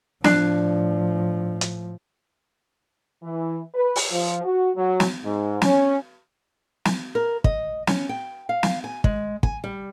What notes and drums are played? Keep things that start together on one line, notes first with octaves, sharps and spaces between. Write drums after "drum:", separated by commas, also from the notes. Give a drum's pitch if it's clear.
A2 F3 D4, drum: snare
drum: hi-hat
E3
B4
drum: open hi-hat
F3
F#4
F#3
drum: snare
G#2
C#4, drum: snare
drum: snare
A#4
D#5, drum: kick
C#4, drum: snare
G5
F5
drum: snare
G#5
G#3, drum: kick
G#5, drum: kick
G3